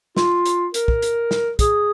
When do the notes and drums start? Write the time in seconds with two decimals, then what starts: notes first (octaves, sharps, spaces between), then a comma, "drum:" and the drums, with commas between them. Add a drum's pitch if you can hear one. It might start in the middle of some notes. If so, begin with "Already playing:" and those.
0.17 F4, drum: snare
0.46 drum: hi-hat
0.74 A#4, drum: hi-hat
0.88 drum: kick
1.02 drum: hi-hat
1.31 drum: snare
1.59 G#4, drum: kick, hi-hat